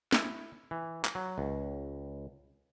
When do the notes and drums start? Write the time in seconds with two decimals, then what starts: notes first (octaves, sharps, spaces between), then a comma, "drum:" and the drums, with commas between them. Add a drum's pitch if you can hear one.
0.13 E4, drum: snare
0.71 E3
1.05 drum: clap
1.15 F#3
1.38 C#2